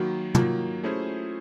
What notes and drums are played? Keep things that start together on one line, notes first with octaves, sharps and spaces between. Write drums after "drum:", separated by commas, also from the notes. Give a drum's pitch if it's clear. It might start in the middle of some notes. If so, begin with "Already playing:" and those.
Already playing: D#3 F#3 A#3 F#4
D#3 F#3 A#3 F4, drum: tom
A3 C#4 E4 G#4 C5